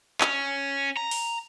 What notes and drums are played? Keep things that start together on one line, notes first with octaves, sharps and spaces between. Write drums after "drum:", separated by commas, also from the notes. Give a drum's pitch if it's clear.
C#4, drum: clap
A#5
drum: open hi-hat